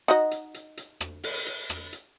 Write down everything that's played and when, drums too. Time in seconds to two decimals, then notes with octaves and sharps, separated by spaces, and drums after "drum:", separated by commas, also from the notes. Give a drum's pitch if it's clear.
0.08 D#4 F#4 D#5, drum: hi-hat
0.31 drum: hi-hat
0.54 drum: hi-hat
0.77 drum: hi-hat
1.00 drum: rim click
1.23 drum: open hi-hat
1.47 drum: hi-hat
1.70 drum: rim click
1.93 drum: hi-hat